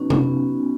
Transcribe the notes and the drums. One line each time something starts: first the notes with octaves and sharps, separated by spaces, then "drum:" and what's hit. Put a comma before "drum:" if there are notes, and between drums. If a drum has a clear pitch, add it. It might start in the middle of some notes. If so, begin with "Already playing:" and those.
Already playing: B2 F#3 C#4 D#4
B3, drum: tom C3